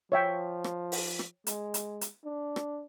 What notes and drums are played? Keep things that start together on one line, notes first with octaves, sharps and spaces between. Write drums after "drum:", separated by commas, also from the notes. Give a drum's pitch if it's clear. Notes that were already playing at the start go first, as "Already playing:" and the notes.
F3 C#5 E5 G5
drum: rim click
drum: open hi-hat
drum: rim click
G#3, drum: hi-hat
drum: hi-hat
drum: hi-hat
D4
drum: rim click